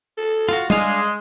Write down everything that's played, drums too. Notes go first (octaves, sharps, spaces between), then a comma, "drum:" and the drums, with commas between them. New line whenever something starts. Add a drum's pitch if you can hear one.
A4
F4 F#4
G#3 D4 G#4 D#5 F5, drum: tom G3